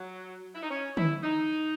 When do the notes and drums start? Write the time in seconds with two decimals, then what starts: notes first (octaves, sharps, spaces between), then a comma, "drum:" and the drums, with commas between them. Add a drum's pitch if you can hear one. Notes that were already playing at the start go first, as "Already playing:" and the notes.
Already playing: F#3
0.55 E4
0.63 D#4
0.70 C#4
0.97 E4, drum: tom D3
1.23 D#4